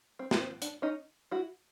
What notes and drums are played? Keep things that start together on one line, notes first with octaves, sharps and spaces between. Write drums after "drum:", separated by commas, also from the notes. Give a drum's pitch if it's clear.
C4
drum: snare
C4
D4, drum: hi-hat
C#4 D#4
E4 F#4